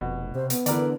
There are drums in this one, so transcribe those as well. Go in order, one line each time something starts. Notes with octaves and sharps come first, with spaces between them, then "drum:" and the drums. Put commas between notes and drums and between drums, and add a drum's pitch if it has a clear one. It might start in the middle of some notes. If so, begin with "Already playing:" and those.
F1 B2
C3 C5
B3, drum: hi-hat
D3 E3 A#4 D5, drum: hi-hat